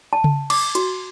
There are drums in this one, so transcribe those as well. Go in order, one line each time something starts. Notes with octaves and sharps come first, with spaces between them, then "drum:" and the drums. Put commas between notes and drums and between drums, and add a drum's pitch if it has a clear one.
A5
drum: tom C#3
D6, drum: cymbal
F#4, drum: hi-hat